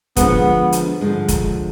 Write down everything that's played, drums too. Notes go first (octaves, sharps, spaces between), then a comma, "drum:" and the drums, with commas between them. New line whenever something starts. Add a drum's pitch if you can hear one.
D3 F3 G#3 B3, drum: kick F1, hi-hat
drum: hi-hat
D3 F3 G#3
drum: kick F1, hi-hat